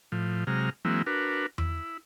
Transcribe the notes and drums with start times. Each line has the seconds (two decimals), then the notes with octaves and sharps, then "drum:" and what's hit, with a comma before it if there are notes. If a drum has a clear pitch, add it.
0.12 A2 F3
0.47 C3 F#3 G#3 A#5 F6
0.85 E3 F#3 G#3 A#3 C4 E4
1.06 D4 F#4 A#4 B4
1.58 E4, drum: tom E2